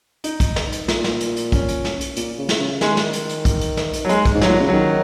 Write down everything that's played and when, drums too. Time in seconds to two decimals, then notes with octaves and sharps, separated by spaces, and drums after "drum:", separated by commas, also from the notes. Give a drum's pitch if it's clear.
0.24 D#4, drum: hi-hat
0.40 drum: kick, hi-hat
0.56 drum: snare
0.72 drum: hi-hat
0.88 A#2, drum: snare
1.04 drum: snare
1.20 drum: hi-hat
1.36 drum: hi-hat
1.52 C#4, drum: kick, hi-hat
1.69 drum: hi-hat
1.85 drum: snare
2.01 drum: hi-hat
2.16 A#2, drum: hi-hat
2.38 C#3
2.49 drum: snare
2.60 C#3
2.81 D#3 G#3, drum: snare
2.97 drum: snare
3.13 drum: hi-hat
3.29 drum: hi-hat
3.45 drum: kick, hi-hat
3.61 drum: hi-hat
3.77 drum: snare
3.93 drum: hi-hat
4.05 F#3
4.09 G#3, drum: hi-hat
4.25 drum: kick, hi-hat
4.35 G#2
4.41 F#3, drum: snare
4.48 A#2
4.61 C#3
4.69 D#3 F#3